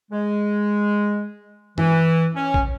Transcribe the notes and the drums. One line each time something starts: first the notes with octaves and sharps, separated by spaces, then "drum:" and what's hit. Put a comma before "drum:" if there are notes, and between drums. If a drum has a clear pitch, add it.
G#3
E3, drum: tom G2
C#4
drum: kick